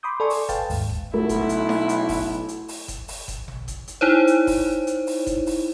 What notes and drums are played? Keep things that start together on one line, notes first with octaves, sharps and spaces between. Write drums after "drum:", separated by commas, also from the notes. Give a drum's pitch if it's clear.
B5 C6 D6 D#6 G6
A4 D5 G#5 C6 C#6
drum: open hi-hat
B4 F5 G5 A5 A6, drum: kick F#1, hi-hat
D#2 G#2, drum: open hi-hat
drum: kick F#1
B1 A3 E4
drum: kick F#1, hi-hat
drum: hi-hat
drum: snare D#4
drum: hi-hat
drum: kick F#1, open hi-hat
drum: hi-hat
drum: open hi-hat
drum: kick F#1, hi-hat
drum: open hi-hat
drum: kick F#1, hi-hat
drum: tom A1
drum: kick F#1, hi-hat
drum: hi-hat
D#4 E4 C5 C#5
drum: hi-hat
drum: kick F#1, open hi-hat
drum: hi-hat
drum: open hi-hat
drum: kick F#1, hi-hat
drum: open hi-hat